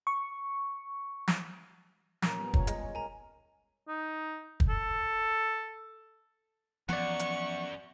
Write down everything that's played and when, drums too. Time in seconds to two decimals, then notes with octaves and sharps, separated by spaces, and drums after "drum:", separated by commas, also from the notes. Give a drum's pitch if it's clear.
0.07 C#6
1.28 drum: snare
2.22 A#2 C#4 A#4 A#5, drum: snare
2.37 G3 B3
2.54 C#4 F4 C#5, drum: kick
2.67 G#3 G#4 D#5, drum: hi-hat
2.83 C#5
2.95 A#4 G#5 A#5
3.88 D#4
4.60 drum: kick
4.69 A4
6.89 F#2 E3 F3 B3 D5 F#5 C#6
7.19 drum: hi-hat